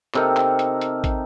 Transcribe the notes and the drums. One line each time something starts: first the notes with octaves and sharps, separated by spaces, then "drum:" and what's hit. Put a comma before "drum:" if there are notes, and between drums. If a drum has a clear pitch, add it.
C3 D#4 A4 A#4, drum: clap
drum: clap
drum: hi-hat
drum: hi-hat
drum: kick, hi-hat